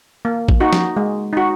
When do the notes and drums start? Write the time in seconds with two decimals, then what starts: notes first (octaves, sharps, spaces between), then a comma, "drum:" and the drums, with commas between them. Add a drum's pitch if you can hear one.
0.25 A#3
0.49 drum: kick
0.60 D#4 F#4
0.73 drum: snare F3
0.96 G#3
1.33 D#4 F#4